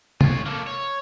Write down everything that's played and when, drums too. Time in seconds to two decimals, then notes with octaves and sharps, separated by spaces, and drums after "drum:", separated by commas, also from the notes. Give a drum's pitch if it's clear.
0.21 F4 C#5, drum: tom
0.46 A#3 A4
0.67 C#5